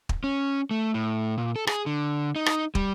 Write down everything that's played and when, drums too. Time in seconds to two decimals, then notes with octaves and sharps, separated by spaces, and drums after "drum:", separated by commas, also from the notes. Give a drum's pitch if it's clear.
0.09 drum: kick
0.24 C#4
0.71 A3
0.94 A2
1.38 A#2
1.56 A4
1.67 G#4, drum: rim click
1.86 D3
2.36 D#4
2.46 drum: rim click
2.75 G3, drum: kick